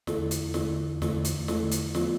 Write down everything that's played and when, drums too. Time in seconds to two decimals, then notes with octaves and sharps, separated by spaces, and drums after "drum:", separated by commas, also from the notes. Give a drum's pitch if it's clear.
0.07 E2 D3 A3 E4 A4, drum: snare
0.31 drum: hi-hat
0.54 E2 D3 A3 E4 A4, drum: snare
1.02 E2 D3 A3 E4 A4, drum: snare
1.25 drum: hi-hat
1.48 E2 D3 A3 E4 A4, drum: snare
1.72 drum: hi-hat
1.95 F3 B3 F4, drum: snare